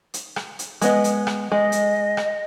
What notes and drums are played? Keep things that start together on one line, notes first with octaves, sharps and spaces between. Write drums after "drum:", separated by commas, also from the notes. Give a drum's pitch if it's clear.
drum: hi-hat
drum: rim click
drum: hi-hat
G#3 B3 D#5, drum: hi-hat
drum: hi-hat
drum: rim click
G#3 D#5
drum: hi-hat
drum: rim click